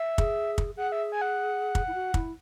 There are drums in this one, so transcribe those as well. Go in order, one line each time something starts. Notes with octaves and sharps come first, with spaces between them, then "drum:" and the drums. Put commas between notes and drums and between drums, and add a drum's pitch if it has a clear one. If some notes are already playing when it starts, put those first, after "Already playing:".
Already playing: E5
G#4, drum: kick
drum: kick
G#4 F#5
E5
G#5
F#5
drum: kick
E4
F#4
E4, drum: kick